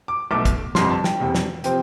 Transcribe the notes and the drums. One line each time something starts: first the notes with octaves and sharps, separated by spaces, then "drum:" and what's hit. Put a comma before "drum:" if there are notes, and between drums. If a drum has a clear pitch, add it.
D6
B1 B2 A3 D6
drum: kick, hi-hat
G1 F2 C3 C6, drum: snare
A5
G5, drum: snare
E1 E2 C3
drum: snare
C3 F3 C4 G5, drum: hi-hat